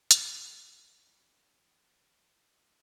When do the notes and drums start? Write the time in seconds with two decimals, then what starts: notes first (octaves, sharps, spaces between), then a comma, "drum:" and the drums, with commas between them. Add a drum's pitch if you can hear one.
0.11 F#3 A#3, drum: hi-hat
1.07 E2 C4 D4 F#4 B5